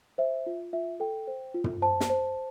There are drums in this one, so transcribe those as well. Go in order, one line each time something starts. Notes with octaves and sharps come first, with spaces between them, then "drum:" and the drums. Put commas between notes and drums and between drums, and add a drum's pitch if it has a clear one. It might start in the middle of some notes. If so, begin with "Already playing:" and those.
C5 E5
F4
F4 E5
A4 G5
C5
F4
drum: tom
C5 A5
drum: snare
C5